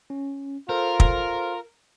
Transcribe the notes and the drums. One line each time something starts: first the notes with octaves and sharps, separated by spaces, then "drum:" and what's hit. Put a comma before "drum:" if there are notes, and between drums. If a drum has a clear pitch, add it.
C#4
F4 A4 A#4 C5
drum: kick